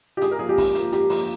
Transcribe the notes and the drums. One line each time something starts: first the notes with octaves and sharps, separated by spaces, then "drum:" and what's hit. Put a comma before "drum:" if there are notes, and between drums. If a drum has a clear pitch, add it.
G4
G#2 G#4, drum: hi-hat
A#4
F3 A#3 F4 G#4
G4
G#2, drum: kick, open hi-hat
F3 A#3 F4, drum: hi-hat
G#2 G4, drum: hi-hat
F3 A#3 F4, drum: open hi-hat